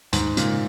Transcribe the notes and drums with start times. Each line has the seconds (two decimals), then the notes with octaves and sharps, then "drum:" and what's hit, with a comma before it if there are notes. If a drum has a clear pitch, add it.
0.13 D#2 G#2, drum: hi-hat
0.37 A#2 C#3 G#3 C#4, drum: hi-hat